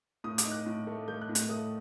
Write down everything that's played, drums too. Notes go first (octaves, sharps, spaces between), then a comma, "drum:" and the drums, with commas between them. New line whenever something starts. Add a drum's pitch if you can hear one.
A2 D#6
D6, drum: hi-hat
D#4
F#6
A2
A3
A3 G6
F#6
A2
F#6, drum: hi-hat
A3 D#6